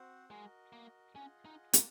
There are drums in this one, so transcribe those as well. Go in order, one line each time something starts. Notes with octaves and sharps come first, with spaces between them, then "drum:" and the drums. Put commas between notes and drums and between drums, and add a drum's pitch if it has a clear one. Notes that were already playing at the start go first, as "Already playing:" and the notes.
Already playing: C4 F#4 C5 F#5
G#3 F#4 A#4 D#5
A#3
C#4 F4 G#4 D#5 F#5
D#4
A#3, drum: hi-hat